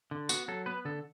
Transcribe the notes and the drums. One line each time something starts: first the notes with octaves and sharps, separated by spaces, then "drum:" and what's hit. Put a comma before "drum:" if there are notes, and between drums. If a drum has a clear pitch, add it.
D3
B3 F#4, drum: tambourine
F#3 A4
B3 B4
D3 A4